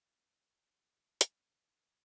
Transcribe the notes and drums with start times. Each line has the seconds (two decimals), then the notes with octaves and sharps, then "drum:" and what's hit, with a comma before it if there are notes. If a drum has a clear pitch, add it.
0.20 E3 G#3 A#3 D4 G#6
1.21 drum: hi-hat